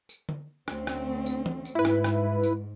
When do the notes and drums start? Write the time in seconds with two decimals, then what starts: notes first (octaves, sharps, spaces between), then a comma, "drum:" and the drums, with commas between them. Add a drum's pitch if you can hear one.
0.09 drum: tambourine
0.29 drum: tom
0.68 D2 C4 C#4, drum: rim click
0.87 drum: rim click
1.26 drum: tambourine
1.46 drum: tom
1.65 drum: tambourine
1.75 G#2 E4 B4
1.85 drum: rim click
2.04 drum: rim click
2.43 drum: tambourine